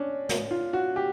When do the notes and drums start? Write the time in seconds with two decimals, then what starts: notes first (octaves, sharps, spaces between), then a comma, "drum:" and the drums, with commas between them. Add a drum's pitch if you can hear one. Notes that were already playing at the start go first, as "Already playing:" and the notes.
Already playing: C#4 D4
0.29 drum: snare
0.51 F4
0.73 F#4
0.96 G4